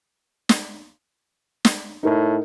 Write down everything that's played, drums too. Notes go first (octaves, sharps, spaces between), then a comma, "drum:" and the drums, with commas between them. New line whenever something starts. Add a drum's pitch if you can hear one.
drum: snare
drum: snare
A2 D#4 A#4